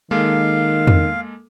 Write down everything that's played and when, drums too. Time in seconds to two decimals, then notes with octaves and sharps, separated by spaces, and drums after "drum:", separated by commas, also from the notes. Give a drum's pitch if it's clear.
0.11 D#3 G#3 A#3 A4 F5
0.87 drum: tom E2